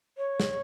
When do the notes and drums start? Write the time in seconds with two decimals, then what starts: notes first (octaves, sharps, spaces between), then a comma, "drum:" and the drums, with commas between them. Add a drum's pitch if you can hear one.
0.17 C#5
0.40 drum: snare